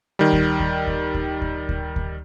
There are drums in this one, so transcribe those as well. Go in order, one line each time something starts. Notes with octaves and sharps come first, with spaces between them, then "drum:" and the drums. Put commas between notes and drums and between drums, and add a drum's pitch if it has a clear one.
D#3 G3
drum: kick D2
drum: kick D2
drum: kick D2
drum: kick D2
drum: kick D2
drum: kick D2
drum: kick D2